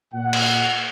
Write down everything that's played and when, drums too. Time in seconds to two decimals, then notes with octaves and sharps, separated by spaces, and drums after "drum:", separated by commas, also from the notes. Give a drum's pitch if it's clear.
0.14 A#2 F#5
0.33 drum: cymbal